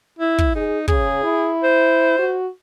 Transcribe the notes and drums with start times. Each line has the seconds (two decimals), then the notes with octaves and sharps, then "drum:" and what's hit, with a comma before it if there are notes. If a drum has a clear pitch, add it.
0.19 E4
0.38 drum: kick
0.55 D#4 G#4
0.88 C#3 G#4, drum: kick
1.24 E4
1.63 C5
2.18 F#4